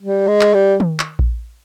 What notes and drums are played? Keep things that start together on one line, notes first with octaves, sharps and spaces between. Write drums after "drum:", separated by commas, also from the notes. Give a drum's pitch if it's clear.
G3
G#3
drum: clap
G3
drum: tom D#3
drum: clap
drum: kick A#1